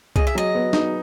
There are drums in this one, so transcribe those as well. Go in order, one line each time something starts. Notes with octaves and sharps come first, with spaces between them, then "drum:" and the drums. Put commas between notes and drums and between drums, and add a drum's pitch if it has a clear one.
G#4 D#5, drum: kick
E5
F#3 D#5
B3
D#4, drum: snare